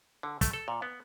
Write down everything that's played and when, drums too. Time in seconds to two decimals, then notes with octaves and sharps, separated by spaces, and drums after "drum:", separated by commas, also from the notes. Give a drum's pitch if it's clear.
0.23 D3
0.41 A3, drum: kick, hi-hat
0.53 A4
0.68 A#2
0.82 B3